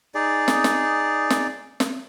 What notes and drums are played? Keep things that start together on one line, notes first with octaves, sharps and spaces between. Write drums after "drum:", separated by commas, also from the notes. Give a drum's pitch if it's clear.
D#4 G#4 D5
drum: snare
drum: snare
drum: snare
drum: snare